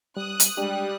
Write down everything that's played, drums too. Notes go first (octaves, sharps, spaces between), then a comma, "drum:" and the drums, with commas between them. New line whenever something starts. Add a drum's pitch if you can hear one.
G3 D#6 F#6
drum: hi-hat
G3 G#3 D4 G4